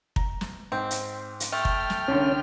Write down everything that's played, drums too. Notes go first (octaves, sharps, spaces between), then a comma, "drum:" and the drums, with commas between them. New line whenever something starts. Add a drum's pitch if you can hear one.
A#5, drum: kick
drum: snare
G#2 C4
drum: hi-hat
drum: hi-hat
A3 G5 F6
drum: kick
drum: snare
C2 D3 C#4